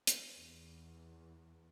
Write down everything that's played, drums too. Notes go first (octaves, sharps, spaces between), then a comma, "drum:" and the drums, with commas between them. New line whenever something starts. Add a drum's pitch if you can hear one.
drum: hi-hat
E2